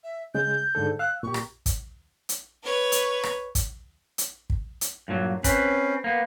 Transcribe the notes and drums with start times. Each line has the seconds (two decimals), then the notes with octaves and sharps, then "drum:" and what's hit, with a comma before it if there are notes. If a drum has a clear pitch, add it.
0.04 E5
0.35 C#3 G#3 G6
0.75 G#2 D3 A4
0.99 F5 E6 F#6
1.23 A#2 G4 C#6
1.34 drum: rim click
1.66 drum: kick, hi-hat
2.29 drum: hi-hat
2.64 B4 C#5
2.92 drum: hi-hat
3.23 drum: rim click
3.55 drum: kick, hi-hat
4.18 drum: hi-hat
4.50 drum: kick
4.81 drum: hi-hat
5.08 G2 A#2 F#3
5.44 C4 C#4 B4, drum: kick, hi-hat
6.04 A#3 B3